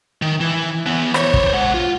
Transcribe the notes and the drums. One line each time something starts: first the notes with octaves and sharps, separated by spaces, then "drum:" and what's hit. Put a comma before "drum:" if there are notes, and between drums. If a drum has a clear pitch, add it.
D#3
E3
E3 B3
C5 C#5, drum: rim click
drum: kick
G#3 F#5
F4